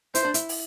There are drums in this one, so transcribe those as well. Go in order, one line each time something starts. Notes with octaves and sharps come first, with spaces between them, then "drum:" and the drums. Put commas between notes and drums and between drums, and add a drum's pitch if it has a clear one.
E4 C5, drum: hi-hat
D4
E4, drum: hi-hat
drum: open hi-hat